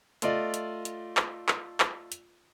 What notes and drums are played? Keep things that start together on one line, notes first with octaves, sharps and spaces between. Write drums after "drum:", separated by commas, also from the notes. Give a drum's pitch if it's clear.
A3 F4 D5 D#5, drum: hi-hat
drum: hi-hat
drum: hi-hat
drum: clap
drum: clap
drum: clap
drum: hi-hat